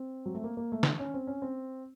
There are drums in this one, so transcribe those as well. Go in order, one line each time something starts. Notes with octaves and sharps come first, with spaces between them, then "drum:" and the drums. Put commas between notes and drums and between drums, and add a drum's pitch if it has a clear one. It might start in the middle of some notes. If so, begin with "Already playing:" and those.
Already playing: C4
F#3
A3
A#3
A#3
A3
drum: snare
C#4
C4
C#4
C4